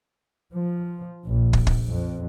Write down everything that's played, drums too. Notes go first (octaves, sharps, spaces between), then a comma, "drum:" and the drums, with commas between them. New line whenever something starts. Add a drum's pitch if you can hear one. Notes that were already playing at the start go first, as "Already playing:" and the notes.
F3
A#1
drum: kick
drum: kick
F2